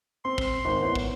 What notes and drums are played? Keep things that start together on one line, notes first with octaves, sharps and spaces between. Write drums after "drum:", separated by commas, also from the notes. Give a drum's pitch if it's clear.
C4 C6
drum: kick
G#1 C5
B3 E4 C#5
drum: kick